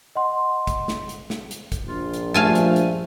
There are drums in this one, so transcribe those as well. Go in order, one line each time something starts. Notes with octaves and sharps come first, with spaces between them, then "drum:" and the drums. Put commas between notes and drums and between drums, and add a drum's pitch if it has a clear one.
D#5 F#5 C6
drum: kick, hi-hat
drum: snare
drum: hi-hat
drum: snare
drum: hi-hat
drum: kick, hi-hat
A#1 F4
drum: hi-hat
G2 F3 A3 F5 G#5 A5
drum: hi-hat
drum: hi-hat